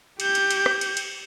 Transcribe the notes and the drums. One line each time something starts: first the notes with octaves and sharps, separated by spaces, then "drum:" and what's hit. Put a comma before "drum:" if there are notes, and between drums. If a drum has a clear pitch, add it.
G4 G6, drum: cymbal
drum: cymbal
drum: cymbal
drum: rim click
drum: cymbal
drum: cymbal